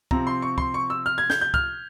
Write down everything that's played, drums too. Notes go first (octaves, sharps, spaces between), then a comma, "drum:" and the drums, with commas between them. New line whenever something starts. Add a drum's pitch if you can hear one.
C3 F3 C4 A#5, drum: kick
C6
C#6
C6, drum: kick
C#6
E6
F6
G#6
G6, drum: snare
G6
F6, drum: kick